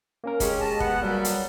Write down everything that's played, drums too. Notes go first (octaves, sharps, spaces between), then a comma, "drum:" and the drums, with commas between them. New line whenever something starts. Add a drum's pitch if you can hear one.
A#3 C#4 A#4
G#3 C#4 G4 G#4, drum: kick, hi-hat
C#4 D#5 A5
B3 F#5, drum: kick
F#3 G3 A#3
drum: hi-hat